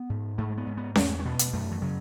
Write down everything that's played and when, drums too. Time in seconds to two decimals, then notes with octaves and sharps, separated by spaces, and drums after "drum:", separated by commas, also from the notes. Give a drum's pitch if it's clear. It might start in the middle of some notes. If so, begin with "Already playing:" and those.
Already playing: B3
0.09 G#2
0.38 G#2 A3
0.57 B3
0.67 G#2
0.77 B3
0.96 E2 A3, drum: snare C#4
1.19 C#4
1.25 B2 B3
1.39 drum: hi-hat
1.53 F#2 A3
1.71 E3
1.82 C#3 F#3